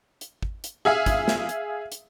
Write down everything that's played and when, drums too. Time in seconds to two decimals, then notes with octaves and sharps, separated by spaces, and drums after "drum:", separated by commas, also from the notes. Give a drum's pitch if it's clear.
0.21 drum: hi-hat
0.43 drum: kick
0.64 drum: hi-hat
0.85 G#4 E5 F5
1.06 drum: kick, hi-hat
1.28 drum: snare
1.49 drum: hi-hat
1.92 drum: hi-hat